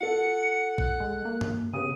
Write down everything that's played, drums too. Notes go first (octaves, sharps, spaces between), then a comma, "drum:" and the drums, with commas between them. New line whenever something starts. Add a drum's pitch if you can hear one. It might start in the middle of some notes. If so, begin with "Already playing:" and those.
F4 A4 F#5 C#7
F#6, drum: kick
G#3
A#3
drum: tom G2
C#3 B3 G4 D#6 D#7